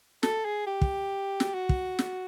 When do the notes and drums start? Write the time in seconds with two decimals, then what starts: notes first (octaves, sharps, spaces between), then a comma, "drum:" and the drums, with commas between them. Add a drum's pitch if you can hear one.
0.23 A4, drum: snare
0.45 G#4
0.67 G4
0.81 drum: kick
1.40 drum: snare
1.54 F#4
1.69 drum: kick
1.99 drum: snare